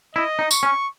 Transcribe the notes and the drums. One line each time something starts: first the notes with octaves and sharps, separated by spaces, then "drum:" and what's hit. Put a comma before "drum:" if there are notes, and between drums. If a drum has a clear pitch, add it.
E4 D#5
D#4
C#6, drum: tambourine
C#4